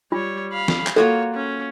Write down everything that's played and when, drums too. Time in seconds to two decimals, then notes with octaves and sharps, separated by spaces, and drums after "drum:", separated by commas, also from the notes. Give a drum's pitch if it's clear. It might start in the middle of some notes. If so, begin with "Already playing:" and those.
0.12 G3 F4 C#5
0.53 F5 B5
0.68 drum: snare
0.87 drum: clap
0.96 A#3 F4 F#4 A4 C#5
1.34 C#4